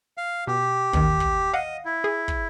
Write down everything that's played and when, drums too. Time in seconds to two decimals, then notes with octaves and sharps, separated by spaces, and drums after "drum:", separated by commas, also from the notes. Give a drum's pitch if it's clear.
0.18 F5
0.47 B2 G4
0.93 A1 D#2 D#3, drum: kick
1.20 drum: kick
1.53 D#5 F5 F#5
1.85 E4
2.04 G#4
2.28 drum: kick